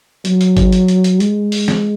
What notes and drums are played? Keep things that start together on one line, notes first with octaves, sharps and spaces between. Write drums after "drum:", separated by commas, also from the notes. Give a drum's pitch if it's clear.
F#3, drum: hi-hat
drum: hi-hat
drum: kick G#1, hi-hat
drum: hi-hat
drum: hi-hat
drum: hi-hat
G#3, drum: hi-hat
drum: open hi-hat
drum: snare